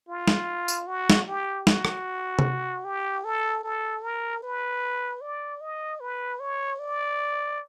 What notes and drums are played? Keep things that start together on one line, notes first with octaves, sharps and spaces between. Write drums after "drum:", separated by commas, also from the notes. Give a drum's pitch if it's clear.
F4
drum: snare
drum: tambourine
F#4
drum: snare
G4
F#4, drum: snare
drum: rim click
drum: tom C3
G4
A4
A4
A#4
B4
D5
D#5
B4
C#5
D5